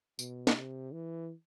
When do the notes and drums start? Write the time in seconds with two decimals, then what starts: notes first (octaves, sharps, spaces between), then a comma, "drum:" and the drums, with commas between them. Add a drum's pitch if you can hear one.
0.19 B2, drum: tambourine
0.47 drum: snare
0.56 C3
0.93 E3